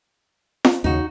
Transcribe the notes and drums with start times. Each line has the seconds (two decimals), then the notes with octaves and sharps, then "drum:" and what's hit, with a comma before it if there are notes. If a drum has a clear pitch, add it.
0.65 drum: snare
0.84 D#2 C#3 D#4 F#4